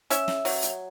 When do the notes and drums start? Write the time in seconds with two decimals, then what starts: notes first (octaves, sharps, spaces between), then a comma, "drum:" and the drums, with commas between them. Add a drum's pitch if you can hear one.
0.10 C#4 E5, drum: hi-hat
0.28 drum: snare
0.45 F#3, drum: open hi-hat
0.62 drum: hi-hat